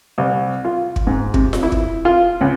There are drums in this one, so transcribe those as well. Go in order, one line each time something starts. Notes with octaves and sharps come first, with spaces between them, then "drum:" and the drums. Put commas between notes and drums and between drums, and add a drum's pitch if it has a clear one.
C2
F4
drum: kick
G#2
C3, drum: kick
drum: snare F4
E4
drum: kick
F4
C#2